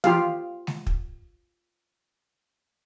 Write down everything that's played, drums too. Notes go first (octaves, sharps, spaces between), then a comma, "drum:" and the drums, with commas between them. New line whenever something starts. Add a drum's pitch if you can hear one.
F4 G4 F5, drum: tom
drum: snare G#3
drum: kick